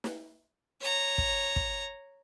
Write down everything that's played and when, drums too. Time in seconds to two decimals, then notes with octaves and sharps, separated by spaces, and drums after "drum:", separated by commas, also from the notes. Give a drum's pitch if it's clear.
0.04 drum: snare
0.80 C#5 A#5
1.18 drum: kick
1.56 drum: kick